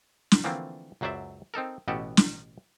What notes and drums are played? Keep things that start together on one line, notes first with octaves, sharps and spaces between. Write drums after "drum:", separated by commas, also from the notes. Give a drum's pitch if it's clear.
drum: snare
D3 E3 F3 A3 A#3 C4
C#2 F#2 F#3 C5 D5 E5
C4 D#4 A4 A#4
A1 B2 B3 F#4 G4 A4
drum: snare